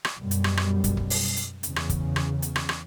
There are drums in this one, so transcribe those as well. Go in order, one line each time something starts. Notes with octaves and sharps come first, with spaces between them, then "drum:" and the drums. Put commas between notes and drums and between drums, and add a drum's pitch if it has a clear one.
drum: rim click
F#2 B2 G3
drum: hi-hat
drum: rim click
drum: rim click
drum: kick, hi-hat
drum: kick
drum: open hi-hat
drum: hi-hat
E2 C#3, drum: hi-hat
drum: rim click
drum: kick, hi-hat
drum: rim click
drum: hi-hat
drum: rim click
drum: rim click